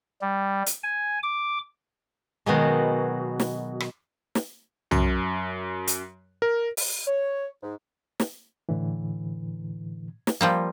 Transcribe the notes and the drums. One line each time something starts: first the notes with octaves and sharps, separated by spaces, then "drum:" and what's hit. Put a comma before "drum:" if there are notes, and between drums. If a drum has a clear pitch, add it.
G3
drum: hi-hat
G#5
D6
B2 D#3 F#3 G#3
drum: snare
drum: rim click
drum: snare
F#2, drum: tom
drum: hi-hat
A#4
drum: open hi-hat
C#5
G#2
drum: snare
A2 D3 E3
drum: snare
F3 G3 A#3